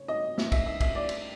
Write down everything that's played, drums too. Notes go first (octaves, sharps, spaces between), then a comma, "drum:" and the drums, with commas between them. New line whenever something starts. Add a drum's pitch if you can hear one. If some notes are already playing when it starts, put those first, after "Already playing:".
Already playing: C#3 C#5
D#5
E5, drum: snare
E5, drum: kick, cymbal
E5
E5, drum: kick, cymbal
D5
drum: cymbal